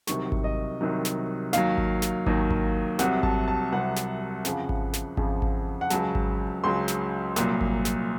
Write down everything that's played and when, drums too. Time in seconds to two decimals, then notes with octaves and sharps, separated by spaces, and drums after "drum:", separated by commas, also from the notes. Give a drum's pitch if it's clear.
0.07 C2 C3 D#3 F#3 C#6, drum: snare
0.32 drum: kick G#1
0.44 D#5
0.81 C2 C3 D#3 F#3
1.05 drum: snare
1.53 D#2 D#3 F#3 F5, drum: snare
1.78 drum: kick G#1
2.02 drum: snare
2.26 D#2 D#3 F#3, drum: kick G#1
2.51 drum: kick G#1
2.99 C2 C3 F#3 F#5, drum: snare
3.23 A5, drum: kick G#1
3.48 A5
3.72 C2 C3 F#3 F#5
3.96 drum: snare
4.45 F2 C#3 F3, drum: snare
4.69 drum: kick G#1
4.93 drum: snare
5.17 F2 C#3 F3, drum: kick G#1
5.42 drum: kick G#1
5.81 F#5
5.90 C#2 C#3 F#3 A5, drum: snare
6.15 drum: kick G#1
6.64 C#2 C#3 F#3 C6
6.88 drum: snare
7.36 C2 A#2 F#3, drum: snare
7.61 drum: kick G#1
7.85 drum: snare